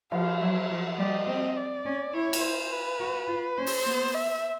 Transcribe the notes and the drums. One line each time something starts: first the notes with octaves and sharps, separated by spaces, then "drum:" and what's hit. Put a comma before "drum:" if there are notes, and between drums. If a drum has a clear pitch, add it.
F3 F5, drum: cymbal
F#3 E5
F3
G3 D#5
C4
D5
C#4
E4 C#5
drum: cymbal
C5
B4
F#4
F4
C#4 C5
drum: open hi-hat
B3
E5